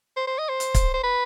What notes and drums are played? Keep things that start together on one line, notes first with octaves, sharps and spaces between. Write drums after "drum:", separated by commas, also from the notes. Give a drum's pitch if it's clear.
C5
C5
D#5
C5
drum: hi-hat
drum: kick, hi-hat
C5
B4